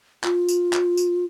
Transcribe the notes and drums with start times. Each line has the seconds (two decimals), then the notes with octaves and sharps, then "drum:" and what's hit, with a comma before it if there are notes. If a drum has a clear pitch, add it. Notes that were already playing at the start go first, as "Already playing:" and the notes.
0.24 F4, drum: clap
0.49 drum: tambourine
0.73 drum: clap
0.97 drum: tambourine